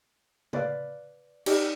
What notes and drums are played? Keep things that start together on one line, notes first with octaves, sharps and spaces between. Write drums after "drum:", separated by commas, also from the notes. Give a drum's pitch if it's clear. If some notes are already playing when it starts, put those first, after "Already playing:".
B4 D5 F5, drum: tom
D#4 G4 D5, drum: cymbal